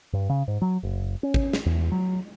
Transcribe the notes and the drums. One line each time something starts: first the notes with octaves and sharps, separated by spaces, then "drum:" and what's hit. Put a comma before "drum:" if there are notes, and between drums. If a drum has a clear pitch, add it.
G2
C#3
G#2
F#3
F#1
C#4
drum: kick
drum: snare
E2
F#3